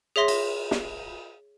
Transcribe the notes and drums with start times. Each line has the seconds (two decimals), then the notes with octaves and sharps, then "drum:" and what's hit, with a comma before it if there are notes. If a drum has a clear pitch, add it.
0.16 G#4 C#5 E5 C6 A#6
0.28 drum: cymbal
0.71 drum: snare